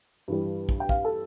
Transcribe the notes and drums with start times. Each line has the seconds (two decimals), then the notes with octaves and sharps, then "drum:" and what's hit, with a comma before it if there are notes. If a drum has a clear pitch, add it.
0.28 G2 E3 G3
0.69 drum: kick
0.80 G5
0.89 F5, drum: kick
1.05 A4